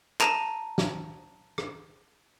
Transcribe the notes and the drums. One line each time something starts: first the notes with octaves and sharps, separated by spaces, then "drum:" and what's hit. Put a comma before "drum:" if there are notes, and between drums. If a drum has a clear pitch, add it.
A5 A#5 A#6 D#7, drum: clap
drum: snare
drum: rim click